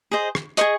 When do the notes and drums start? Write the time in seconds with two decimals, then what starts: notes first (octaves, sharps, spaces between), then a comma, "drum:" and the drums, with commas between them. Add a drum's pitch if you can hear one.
0.11 G#4 C5 D#5
0.35 drum: rim click
0.57 G#4 C5 D#5 C#6, drum: hi-hat